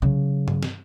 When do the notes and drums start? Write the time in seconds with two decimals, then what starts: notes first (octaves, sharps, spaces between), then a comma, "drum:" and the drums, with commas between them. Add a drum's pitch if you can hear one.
0.02 C#3 F#3
0.48 drum: tom G2
0.63 drum: snare